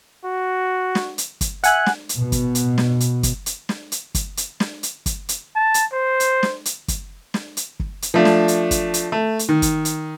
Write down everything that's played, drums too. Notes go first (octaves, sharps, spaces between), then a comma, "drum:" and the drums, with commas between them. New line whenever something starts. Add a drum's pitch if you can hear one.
F#4
drum: snare
drum: hi-hat
drum: kick, hi-hat
E5 F#5 G#5 F#6, drum: hi-hat
drum: snare
drum: hi-hat
B2
drum: kick, hi-hat
drum: hi-hat
drum: snare
drum: hi-hat
drum: kick, hi-hat
drum: hi-hat
drum: snare
drum: hi-hat
drum: kick, hi-hat
drum: hi-hat
drum: snare
drum: hi-hat
drum: kick, hi-hat
drum: hi-hat
A5
drum: hi-hat
C5
drum: hi-hat
drum: snare
drum: hi-hat
drum: kick, hi-hat
drum: snare
drum: hi-hat
drum: kick
drum: hi-hat
F3 A3 D4
drum: snare
drum: hi-hat
drum: kick, hi-hat
drum: hi-hat
A3
drum: hi-hat
D#3
drum: kick, hi-hat
drum: hi-hat